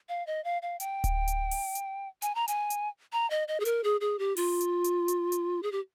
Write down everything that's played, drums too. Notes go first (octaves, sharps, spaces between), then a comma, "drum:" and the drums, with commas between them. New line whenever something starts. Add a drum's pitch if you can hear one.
F5
D#5
F5
F5
G5, drum: hi-hat
drum: kick D1, hi-hat
drum: hi-hat
drum: open hi-hat
drum: hi-hat
G#5, drum: hi-hat
A#5
G#5, drum: hi-hat
drum: hi-hat
A#5
D#5
D#5
G#4
A#4, drum: hi-hat
G#4
G#4
G4
F4, drum: open hi-hat
drum: hi-hat
drum: hi-hat
drum: hi-hat
drum: hi-hat
G#4
G4